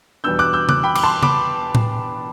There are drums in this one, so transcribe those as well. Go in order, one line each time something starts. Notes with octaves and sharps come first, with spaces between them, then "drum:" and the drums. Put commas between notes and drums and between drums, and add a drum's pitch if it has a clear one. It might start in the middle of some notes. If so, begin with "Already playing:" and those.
E2 B2 G3 B3 D4 E6 G6
D6 F#6
E6 G6
D6 F#6, drum: tom C#3
G5 B5
D6, drum: cymbal
A5 C6
B5 D6, drum: tom C#3
drum: tom A2